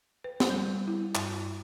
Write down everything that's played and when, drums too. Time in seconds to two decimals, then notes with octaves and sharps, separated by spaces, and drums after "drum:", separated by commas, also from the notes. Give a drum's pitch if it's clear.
0.24 B4
0.40 drum: snare
0.50 G3
0.88 E4
1.15 G2, drum: clap